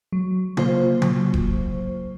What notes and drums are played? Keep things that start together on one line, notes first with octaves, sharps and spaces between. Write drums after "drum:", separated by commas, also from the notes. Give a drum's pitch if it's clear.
F#3
A#3 F4 C5, drum: tom C#3
F#3, drum: tom C#3
drum: kick D#1